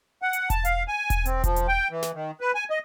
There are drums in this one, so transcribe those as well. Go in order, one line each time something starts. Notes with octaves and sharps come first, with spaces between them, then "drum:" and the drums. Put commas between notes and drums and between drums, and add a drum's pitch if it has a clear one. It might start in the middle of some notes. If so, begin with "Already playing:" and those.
F#5
drum: hi-hat
A5, drum: kick E1, hi-hat
F5, drum: hi-hat
G#5
drum: kick E1, hi-hat
C4, drum: hi-hat
F3, drum: kick E1, hi-hat
drum: hi-hat
G5
E3
drum: snare
D#3
B4
G#5
D#5